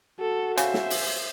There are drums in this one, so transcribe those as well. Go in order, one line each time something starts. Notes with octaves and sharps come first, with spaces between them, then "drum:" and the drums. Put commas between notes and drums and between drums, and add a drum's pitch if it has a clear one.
F#4 A4
C#3 C5 E5, drum: hi-hat
drum: snare
drum: open hi-hat